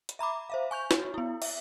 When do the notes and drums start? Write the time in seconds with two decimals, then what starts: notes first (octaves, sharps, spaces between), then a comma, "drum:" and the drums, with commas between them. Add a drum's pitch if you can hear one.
0.09 drum: hi-hat
0.19 E5 A#5 B5 D6
0.50 C5 E5 F5
0.71 G#5 C#6 G6 F7
0.91 F#4 C#5, drum: snare
1.14 B3 E4
1.42 E5, drum: cymbal